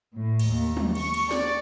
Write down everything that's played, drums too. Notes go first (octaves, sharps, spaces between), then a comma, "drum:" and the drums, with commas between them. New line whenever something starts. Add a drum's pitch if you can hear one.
A2
drum: cymbal
D#2
drum: tom
C#6, drum: cymbal
drum: cymbal
D5, drum: snare